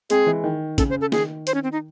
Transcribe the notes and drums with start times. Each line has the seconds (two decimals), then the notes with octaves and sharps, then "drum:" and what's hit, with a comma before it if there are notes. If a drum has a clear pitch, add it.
0.10 G#3 C4 G#4, drum: hi-hat
0.27 E3 G#3
0.44 D#3
0.78 C#3 A4, drum: kick, hi-hat
0.90 C5
1.01 A4
1.12 D#3 G#4, drum: snare
1.47 C5, drum: hi-hat
1.54 C#4
1.63 C4
1.72 D#4